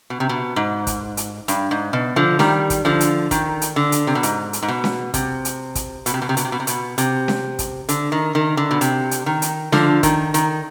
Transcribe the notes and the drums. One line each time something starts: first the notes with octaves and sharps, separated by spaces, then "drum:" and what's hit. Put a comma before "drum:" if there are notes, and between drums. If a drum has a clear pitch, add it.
B2
C3
B2
G#2
drum: kick, hi-hat
drum: hi-hat
G2, drum: hi-hat
G#2
B2
D3 F3
D#3 G3, drum: snare C#4
drum: kick, hi-hat
D3 F3
drum: hi-hat
D#3, drum: kick, hi-hat
drum: hi-hat
D3
drum: hi-hat
C3
B2
G#2, drum: hi-hat
drum: hi-hat
G#2
B2
drum: snare C#4
C3, drum: kick, hi-hat
drum: hi-hat
drum: kick, hi-hat
B2, drum: hi-hat
C3
B2
C3
B2, drum: hi-hat
C3
B2
C3
B2, drum: hi-hat
C3, drum: hi-hat
drum: snare C#4
drum: kick, hi-hat
D3, drum: hi-hat
D#3
D#3
D3
B2
C3, drum: hi-hat
drum: hi-hat
D#3
drum: hi-hat
D3 F3, drum: snare C#4
D#3, drum: kick, hi-hat
D#3, drum: hi-hat